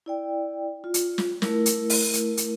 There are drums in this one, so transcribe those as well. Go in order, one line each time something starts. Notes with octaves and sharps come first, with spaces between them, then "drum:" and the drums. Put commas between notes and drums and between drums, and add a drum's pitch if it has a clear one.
E4 D5 G5
F4
drum: hi-hat
drum: snare
A3 E4 A#4, drum: snare
drum: hi-hat
drum: open hi-hat
drum: hi-hat
drum: hi-hat